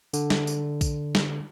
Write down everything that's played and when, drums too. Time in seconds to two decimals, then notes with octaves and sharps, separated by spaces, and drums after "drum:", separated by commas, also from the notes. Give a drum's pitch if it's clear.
0.14 D3, drum: tambourine
0.30 drum: snare
0.47 drum: tambourine
0.81 drum: kick, tambourine
1.15 drum: snare